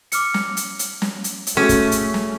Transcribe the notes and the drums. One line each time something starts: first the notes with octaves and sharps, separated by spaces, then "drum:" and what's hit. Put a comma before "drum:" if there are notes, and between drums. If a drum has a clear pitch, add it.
D6 F6 C#7, drum: hi-hat
drum: snare
drum: hi-hat
drum: hi-hat
drum: snare
drum: hi-hat
drum: hi-hat
A3 C#4 F#4 G#4 A4
drum: kick, hi-hat
drum: hi-hat
drum: snare